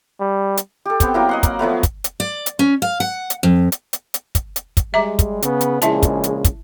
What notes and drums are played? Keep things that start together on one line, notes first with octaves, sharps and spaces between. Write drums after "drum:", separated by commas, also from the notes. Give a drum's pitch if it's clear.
G3
drum: hi-hat
G4 A4
B3 C4 G5, drum: kick, hi-hat
F#3 A#3 E4
D#5 F#5 C6
A#3, drum: kick, hi-hat
F3 F#3 A3 B3
drum: kick, hi-hat
drum: hi-hat
D5
drum: hi-hat
C#4
F5
F#5
drum: hi-hat
F2
drum: hi-hat
drum: hi-hat
drum: hi-hat
drum: kick, hi-hat
drum: hi-hat
drum: kick, hi-hat
G3 G#3 E5 A#5 D6
drum: kick, hi-hat
C#3 B3, drum: hi-hat
drum: hi-hat
A#1 C#3 G#3 E4 E5 A5, drum: hi-hat
drum: kick, hi-hat
drum: hi-hat
drum: kick, hi-hat